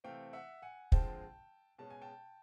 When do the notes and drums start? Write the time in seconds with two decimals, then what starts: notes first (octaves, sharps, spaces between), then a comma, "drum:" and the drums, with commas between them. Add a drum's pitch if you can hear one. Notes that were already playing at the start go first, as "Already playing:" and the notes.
0.04 C3 E3 A3 C4 F5 G5
0.33 E5 F#5
0.62 F#5 G#5
0.92 D3 F3 G#3 C4 G5 A5, drum: kick
1.79 B2 G#3 C#4 A5
1.90 G#5
2.02 G5 A5